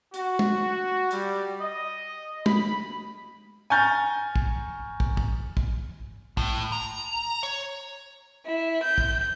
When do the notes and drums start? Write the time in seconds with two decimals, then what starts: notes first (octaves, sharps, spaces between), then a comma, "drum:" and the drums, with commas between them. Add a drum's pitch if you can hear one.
0.14 F#4, drum: hi-hat
0.39 drum: tom
1.11 G3, drum: hi-hat
1.61 D#5
2.46 B5, drum: tom
3.70 G#5 A#5 C#6 F6 G6 A6
4.36 drum: kick
5.00 drum: kick
5.17 drum: kick
5.57 drum: kick
6.37 A2, drum: kick
6.72 A#5
7.43 C#5
8.45 E4
8.81 G6
8.98 drum: kick